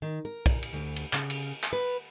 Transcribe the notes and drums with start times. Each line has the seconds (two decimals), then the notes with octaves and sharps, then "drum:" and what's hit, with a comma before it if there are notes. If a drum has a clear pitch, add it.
0.02 D#3
0.25 A#4
0.46 drum: kick, cymbal
0.63 drum: cymbal
0.73 D2
0.96 drum: cymbal
1.13 C#3, drum: clap
1.30 drum: cymbal
1.63 drum: clap
1.73 B4